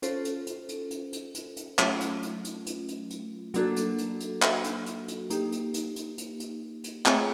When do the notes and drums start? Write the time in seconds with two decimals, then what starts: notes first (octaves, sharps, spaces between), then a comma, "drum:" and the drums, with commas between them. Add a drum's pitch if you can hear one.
0.02 C#4 F4 A4 C5, drum: hi-hat
0.25 drum: hi-hat
0.47 drum: hi-hat
0.69 drum: hi-hat
0.91 drum: hi-hat
1.13 drum: hi-hat
1.35 drum: hi-hat
1.57 drum: hi-hat
1.79 F#3 A3 C#4 F4, drum: clap
2.01 drum: hi-hat
2.22 drum: hi-hat
2.44 drum: hi-hat
2.66 drum: hi-hat
2.88 drum: hi-hat
3.10 drum: hi-hat
3.54 F#3 A#3 D4 F#4 A4, drum: hi-hat
3.76 drum: hi-hat
3.98 drum: hi-hat
4.20 drum: hi-hat
4.42 drum: clap
4.64 drum: hi-hat
4.86 drum: hi-hat
5.08 drum: hi-hat
5.30 A#3 D#4 G4, drum: hi-hat
5.52 drum: hi-hat
5.74 drum: hi-hat
5.96 drum: hi-hat
6.18 drum: hi-hat
6.40 drum: hi-hat
6.84 drum: hi-hat
7.06 A3 C4 F4 G#4 C#5, drum: clap